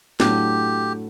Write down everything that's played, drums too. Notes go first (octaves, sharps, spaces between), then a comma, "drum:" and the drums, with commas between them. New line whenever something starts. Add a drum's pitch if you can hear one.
A2 F#3 A3 D4 G4, drum: snare